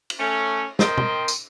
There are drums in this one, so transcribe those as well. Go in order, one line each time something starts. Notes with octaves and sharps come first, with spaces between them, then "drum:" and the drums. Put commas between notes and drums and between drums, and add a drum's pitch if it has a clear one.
drum: cymbal
A3 C#4
F3 C4 A#4 C5 D#5 G5, drum: snare
drum: tom
drum: tambourine